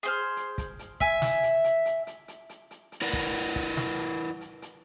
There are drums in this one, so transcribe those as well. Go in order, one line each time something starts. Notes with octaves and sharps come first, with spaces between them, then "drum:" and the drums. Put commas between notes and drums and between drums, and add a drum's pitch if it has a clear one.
G#4 C5 F6
drum: hi-hat
drum: kick, hi-hat
drum: hi-hat
E5 G#5, drum: kick
drum: snare
drum: hi-hat
drum: hi-hat
drum: hi-hat
drum: hi-hat
drum: hi-hat
drum: hi-hat
drum: hi-hat
drum: hi-hat
E4 A#4 B4 D5 F#5
drum: kick, hi-hat
drum: hi-hat
drum: kick, hi-hat
drum: snare
drum: hi-hat
drum: hi-hat
drum: hi-hat